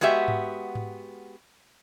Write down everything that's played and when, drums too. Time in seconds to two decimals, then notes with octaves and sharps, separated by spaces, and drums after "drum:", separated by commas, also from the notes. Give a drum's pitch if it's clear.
0.01 G#3 B3 F#4 G4 E5
0.28 drum: tom G#2
0.75 drum: tom G#2